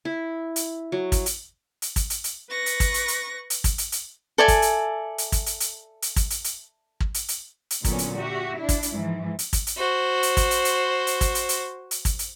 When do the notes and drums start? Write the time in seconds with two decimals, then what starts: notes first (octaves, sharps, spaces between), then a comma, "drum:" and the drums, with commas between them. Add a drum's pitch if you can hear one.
0.05 E4
0.56 drum: hi-hat
0.92 F#3
1.12 drum: kick, hi-hat
1.26 drum: hi-hat
1.82 drum: hi-hat
1.96 drum: kick, hi-hat
2.10 drum: hi-hat
2.24 drum: hi-hat
2.49 B4 C#6 A#6
2.66 drum: hi-hat
2.80 drum: kick, hi-hat
2.94 drum: hi-hat
3.08 drum: hi-hat
3.50 drum: hi-hat
3.64 drum: kick, hi-hat
3.78 drum: hi-hat
3.92 drum: hi-hat
4.38 A4 D5 E5 G#5
4.48 drum: kick, hi-hat
4.62 drum: hi-hat
5.18 drum: hi-hat
5.32 drum: kick, hi-hat
5.46 drum: hi-hat
5.60 drum: hi-hat
6.02 drum: hi-hat
6.16 drum: kick, hi-hat
6.30 drum: hi-hat
6.44 drum: hi-hat
7.00 drum: kick
7.14 drum: hi-hat
7.28 drum: hi-hat
7.71 drum: hi-hat
7.85 A#2 D3 F#3 B3 C#4, drum: kick, hi-hat
7.99 drum: hi-hat
8.17 F#4 G4 E5
8.58 D4 E4
8.69 drum: kick, hi-hat
8.83 drum: hi-hat
8.93 G#2 E3 F3
9.39 drum: hi-hat
9.53 drum: kick, hi-hat
9.67 drum: hi-hat
9.77 F#4 C5
10.23 drum: hi-hat
10.37 drum: kick, hi-hat
10.51 drum: hi-hat
10.65 drum: hi-hat
11.07 drum: hi-hat
11.21 drum: kick, hi-hat
11.35 drum: hi-hat
11.49 drum: hi-hat
11.91 drum: hi-hat
12.05 drum: kick, hi-hat
12.19 drum: hi-hat